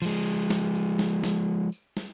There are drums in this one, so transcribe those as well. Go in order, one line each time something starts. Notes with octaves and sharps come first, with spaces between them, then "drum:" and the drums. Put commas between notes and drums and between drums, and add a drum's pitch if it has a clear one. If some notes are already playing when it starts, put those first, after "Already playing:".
F3 G#3
drum: tambourine
drum: snare
drum: tambourine
drum: snare
drum: snare
drum: tambourine
drum: snare